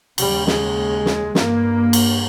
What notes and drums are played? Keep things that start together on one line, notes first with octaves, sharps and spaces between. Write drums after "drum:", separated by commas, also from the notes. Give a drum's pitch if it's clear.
D#2 C#3 G3, drum: cymbal
G#3, drum: snare
drum: snare
G2 A#3, drum: snare
drum: cymbal